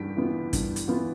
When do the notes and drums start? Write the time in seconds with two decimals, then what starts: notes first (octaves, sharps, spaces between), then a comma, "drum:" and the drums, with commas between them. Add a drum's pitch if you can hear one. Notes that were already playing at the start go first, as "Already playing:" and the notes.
Already playing: G2 E3 B6 D7
0.17 E3 B3 F4
0.53 G2, drum: kick, hi-hat
0.76 drum: hi-hat
0.88 E3 B3 F4